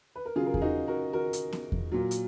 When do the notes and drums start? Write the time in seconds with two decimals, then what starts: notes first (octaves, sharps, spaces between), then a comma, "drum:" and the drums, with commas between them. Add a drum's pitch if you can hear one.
0.16 B4
0.25 A#4
0.36 C#3 F#3 F4 G#4
0.46 A#4
0.54 G#4, drum: kick E2
0.62 D#4 F#4
0.88 F#4 A#4
1.13 F#4 A#4
1.33 drum: hi-hat
1.52 drum: snare
1.72 drum: kick E2
1.92 A#2 F#3
2.11 drum: hi-hat